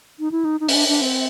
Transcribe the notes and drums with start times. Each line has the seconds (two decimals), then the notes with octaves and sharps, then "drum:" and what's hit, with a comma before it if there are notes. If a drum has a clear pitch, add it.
0.19 D#4
0.31 E4
0.45 D#4
0.60 D#4
0.69 C#4, drum: open hi-hat
0.74 D4
0.88 D4
1.01 C4